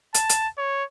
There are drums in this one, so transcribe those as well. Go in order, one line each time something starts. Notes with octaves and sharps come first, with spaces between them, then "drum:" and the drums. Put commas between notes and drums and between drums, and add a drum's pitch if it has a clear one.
A5, drum: hi-hat
drum: hi-hat
C#5